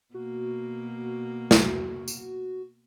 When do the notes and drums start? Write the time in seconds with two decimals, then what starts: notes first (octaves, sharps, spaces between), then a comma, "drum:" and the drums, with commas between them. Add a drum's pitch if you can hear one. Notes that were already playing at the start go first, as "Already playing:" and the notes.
0.14 B2 A#3 F#4
1.51 drum: snare
2.08 drum: tambourine